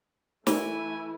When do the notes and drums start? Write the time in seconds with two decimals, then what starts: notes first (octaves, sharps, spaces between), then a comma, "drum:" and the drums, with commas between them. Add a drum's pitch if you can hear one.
0.47 E3 A3 E4 G#5, drum: snare